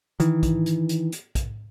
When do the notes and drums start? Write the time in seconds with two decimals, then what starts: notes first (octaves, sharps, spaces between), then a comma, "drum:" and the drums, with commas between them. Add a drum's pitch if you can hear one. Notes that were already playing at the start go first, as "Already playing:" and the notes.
0.20 D#3 E3, drum: hi-hat
0.43 drum: kick A#1, hi-hat
0.66 drum: hi-hat
0.89 drum: hi-hat
1.12 drum: hi-hat
1.35 drum: kick A#1, hi-hat